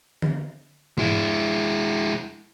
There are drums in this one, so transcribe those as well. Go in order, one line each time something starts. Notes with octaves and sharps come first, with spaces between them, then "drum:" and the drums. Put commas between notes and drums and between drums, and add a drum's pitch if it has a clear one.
drum: tom D3
G#3 E4, drum: tom G#2